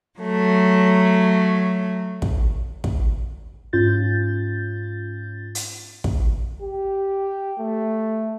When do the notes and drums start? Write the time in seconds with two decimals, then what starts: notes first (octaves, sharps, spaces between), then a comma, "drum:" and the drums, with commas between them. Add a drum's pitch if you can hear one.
0.19 F#3 A3
2.22 drum: kick
2.84 drum: kick
3.73 G#2 C#4 F4 G6 A6
5.55 drum: hi-hat
6.04 drum: kick
6.62 G4
7.59 A3